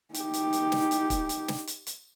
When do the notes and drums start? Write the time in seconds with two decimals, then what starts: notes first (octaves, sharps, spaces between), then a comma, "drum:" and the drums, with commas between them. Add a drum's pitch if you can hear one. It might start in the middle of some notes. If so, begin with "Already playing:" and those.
0.14 D#4 G4, drum: hi-hat
0.34 drum: hi-hat
0.53 drum: hi-hat
0.72 drum: snare
0.91 drum: hi-hat
1.10 drum: kick, hi-hat
1.29 drum: hi-hat
1.48 drum: snare
1.67 drum: hi-hat
1.87 drum: hi-hat